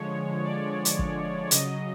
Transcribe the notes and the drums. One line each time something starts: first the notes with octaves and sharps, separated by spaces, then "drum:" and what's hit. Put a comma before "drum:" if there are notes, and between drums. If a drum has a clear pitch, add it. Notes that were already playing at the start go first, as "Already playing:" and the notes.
Already playing: D3 F3 G#3 C#5
D5
drum: hi-hat
drum: kick
C#3 F#3 D#5, drum: hi-hat